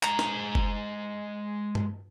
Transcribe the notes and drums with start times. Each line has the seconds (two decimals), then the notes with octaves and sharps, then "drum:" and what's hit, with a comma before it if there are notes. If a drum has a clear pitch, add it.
0.03 G#3 A#5, drum: clap
0.19 drum: snare
0.55 drum: kick F#1
1.75 drum: tom G2